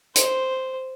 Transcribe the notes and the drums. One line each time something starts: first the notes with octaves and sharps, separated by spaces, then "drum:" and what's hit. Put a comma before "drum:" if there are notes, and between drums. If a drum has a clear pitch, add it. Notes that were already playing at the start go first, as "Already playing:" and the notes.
C5, drum: hi-hat